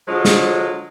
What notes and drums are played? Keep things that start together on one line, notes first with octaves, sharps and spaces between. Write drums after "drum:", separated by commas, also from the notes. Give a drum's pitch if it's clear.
D3 F3 F#3 G#3 F4
drum: snare